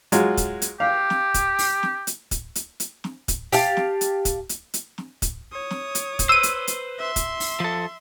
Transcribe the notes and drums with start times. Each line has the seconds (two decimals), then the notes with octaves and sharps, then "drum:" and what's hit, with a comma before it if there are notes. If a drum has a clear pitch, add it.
0.12 F#3 G#3 F4, drum: hi-hat
0.37 drum: kick, hi-hat
0.62 drum: hi-hat
0.80 G4 F5
1.10 drum: snare
1.34 drum: kick, hi-hat
1.59 drum: open hi-hat
1.83 drum: snare
2.07 drum: hi-hat
2.31 drum: kick, hi-hat
2.55 drum: hi-hat
2.80 drum: hi-hat
3.04 drum: snare
3.28 drum: kick, hi-hat
3.52 G4 F5 A5, drum: open hi-hat
3.77 drum: snare
4.01 drum: hi-hat
4.25 drum: kick, hi-hat
4.49 drum: hi-hat
4.74 drum: hi-hat
4.98 drum: snare
5.22 drum: kick, hi-hat
5.52 C#5 D#6
5.71 drum: snare
5.95 drum: hi-hat
6.19 drum: kick, hi-hat
6.29 B4 C5 E6 D#7
6.43 drum: hi-hat
6.67 drum: hi-hat
6.98 E5 C6
7.16 drum: kick, hi-hat
7.40 drum: open hi-hat
7.60 F3 A4